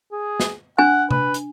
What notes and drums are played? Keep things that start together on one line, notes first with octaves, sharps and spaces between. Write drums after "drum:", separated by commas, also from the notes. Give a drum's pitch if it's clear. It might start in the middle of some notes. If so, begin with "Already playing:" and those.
G#4
drum: snare
D4 F#5 G#5
B4, drum: tom C3
drum: hi-hat